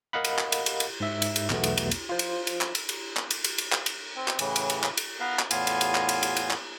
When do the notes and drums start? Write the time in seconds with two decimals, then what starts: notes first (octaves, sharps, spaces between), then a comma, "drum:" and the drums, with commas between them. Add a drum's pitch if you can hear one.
0.13 A#4 D#5 F5 F#5 B5
0.24 drum: cymbal
0.38 drum: clap
0.52 drum: cymbal
0.66 drum: cymbal
0.80 drum: cymbal
1.00 G#2 E5
1.22 drum: cymbal
1.36 drum: cymbal
1.50 B1 E2 B2 A3 B3, drum: clap
1.64 drum: cymbal
1.77 drum: cymbal
1.91 drum: cymbal
2.09 F4 C5
2.19 drum: cymbal
2.47 drum: cymbal
2.61 drum: clap
2.75 drum: cymbal
2.89 drum: cymbal
3.17 drum: clap
3.31 drum: cymbal
3.44 drum: cymbal
3.58 drum: cymbal
3.72 drum: clap
3.86 drum: cymbal
4.16 C4
4.28 drum: clap
4.39 A2 C#3 E3, drum: cymbal
4.56 drum: cymbal
4.70 drum: cymbal
4.84 drum: clap
4.97 drum: cymbal
5.20 B3 B4 F5 A#5
5.39 drum: clap
5.51 E2 A2 B3 F4 F5 G#5, drum: cymbal
5.67 drum: cymbal
5.81 drum: cymbal
5.95 drum: clap
6.09 drum: cymbal
6.23 drum: cymbal
6.37 drum: cymbal
6.50 drum: clap